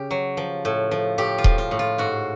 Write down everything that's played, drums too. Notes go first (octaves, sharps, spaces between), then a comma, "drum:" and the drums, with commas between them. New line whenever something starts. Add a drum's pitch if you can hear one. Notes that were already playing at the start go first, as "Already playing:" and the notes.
Already playing: C#3 G4
F#3
F3
A2
F3
A2 G4
F4
F3, drum: kick D#1
F4
A2
F4
G#2 F#4